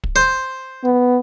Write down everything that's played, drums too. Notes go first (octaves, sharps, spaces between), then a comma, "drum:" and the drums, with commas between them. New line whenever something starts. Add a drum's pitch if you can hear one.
drum: kick
C5
B3